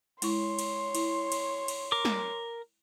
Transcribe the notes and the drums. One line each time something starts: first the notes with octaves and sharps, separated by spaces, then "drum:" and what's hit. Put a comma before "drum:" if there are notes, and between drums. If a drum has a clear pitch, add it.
G#3 E4 C#5 C6 C#6, drum: cymbal
drum: cymbal
E4, drum: cymbal
drum: cymbal
drum: cymbal
A#4 D6
drum: snare